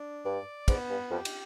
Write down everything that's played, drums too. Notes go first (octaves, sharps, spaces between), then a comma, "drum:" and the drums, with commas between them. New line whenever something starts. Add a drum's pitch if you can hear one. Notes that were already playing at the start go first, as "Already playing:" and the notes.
Already playing: D4
G2 D5
G#2 B3, drum: kick, cymbal
G2
F2 G4
drum: cymbal